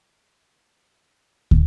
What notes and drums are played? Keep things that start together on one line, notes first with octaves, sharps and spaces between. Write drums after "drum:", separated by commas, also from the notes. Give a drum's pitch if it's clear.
D#4
G4
G#2
drum: kick